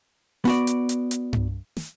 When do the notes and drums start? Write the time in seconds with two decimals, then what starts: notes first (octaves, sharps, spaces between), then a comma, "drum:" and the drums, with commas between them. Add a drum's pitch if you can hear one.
0.45 B3 F#4 D5, drum: snare
0.67 drum: hi-hat
0.89 drum: hi-hat
1.11 drum: hi-hat
1.33 drum: tom G2
1.77 drum: snare